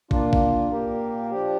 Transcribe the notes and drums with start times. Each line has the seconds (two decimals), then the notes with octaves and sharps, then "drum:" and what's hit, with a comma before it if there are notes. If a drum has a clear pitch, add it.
0.11 A#2 A#3 D4 F4, drum: kick
0.33 drum: kick
0.72 A#2 A#3 G4 A#4
1.31 F3 D4 G4